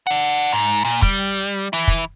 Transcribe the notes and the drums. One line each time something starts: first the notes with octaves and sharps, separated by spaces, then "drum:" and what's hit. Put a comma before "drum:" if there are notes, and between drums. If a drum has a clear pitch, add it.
D5 F#5
G#2
A#2
G3, drum: kick
E3 E4
drum: kick